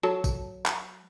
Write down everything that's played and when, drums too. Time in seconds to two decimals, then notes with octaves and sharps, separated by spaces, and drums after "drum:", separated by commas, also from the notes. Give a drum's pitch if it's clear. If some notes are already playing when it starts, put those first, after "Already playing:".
0.03 F#3 A4
0.24 drum: kick, tambourine
0.66 drum: clap